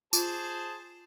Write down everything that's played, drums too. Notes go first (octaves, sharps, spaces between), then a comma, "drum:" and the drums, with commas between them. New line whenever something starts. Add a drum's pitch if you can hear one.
F4 G#4 C5 A5, drum: tambourine